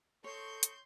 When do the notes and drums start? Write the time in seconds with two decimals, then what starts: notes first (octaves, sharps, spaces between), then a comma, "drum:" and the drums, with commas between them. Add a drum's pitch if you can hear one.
0.24 C4 A4 C#5 D#5 C6 C#6 G6
0.63 drum: hi-hat